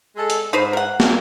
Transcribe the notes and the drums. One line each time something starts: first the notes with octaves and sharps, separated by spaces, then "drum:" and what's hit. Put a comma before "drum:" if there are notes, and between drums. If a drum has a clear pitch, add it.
G#3 A4
drum: hi-hat
G#2 D#4 B4 C5
A#4 F#5
F2 G#2 A#3, drum: snare